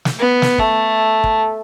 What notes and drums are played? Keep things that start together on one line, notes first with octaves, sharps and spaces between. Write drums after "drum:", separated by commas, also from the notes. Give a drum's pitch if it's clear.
drum: snare
B3
drum: snare
A3, drum: kick
drum: kick